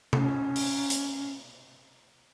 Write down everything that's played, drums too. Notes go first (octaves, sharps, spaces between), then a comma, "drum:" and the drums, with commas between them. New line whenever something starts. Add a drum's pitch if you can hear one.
C#4, drum: tom C3
drum: open hi-hat
drum: hi-hat